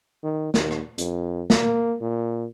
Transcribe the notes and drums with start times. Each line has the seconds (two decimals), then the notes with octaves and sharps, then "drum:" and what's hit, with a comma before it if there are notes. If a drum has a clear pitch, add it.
0.23 D#3
0.54 D#2, drum: snare
0.71 drum: rim click
0.98 F2, drum: hi-hat
1.50 A#3, drum: snare
2.01 A#2